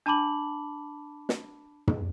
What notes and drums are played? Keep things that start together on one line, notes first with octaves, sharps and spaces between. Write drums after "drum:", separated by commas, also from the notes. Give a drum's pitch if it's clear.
D4 A5 B5 D6 F#7
drum: snare
drum: tom